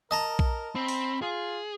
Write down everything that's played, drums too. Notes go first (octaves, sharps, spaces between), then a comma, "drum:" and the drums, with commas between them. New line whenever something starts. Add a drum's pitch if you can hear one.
A#4 D#5 A5 A#5
drum: kick B1
C4 B5
drum: open hi-hat
F4 G#4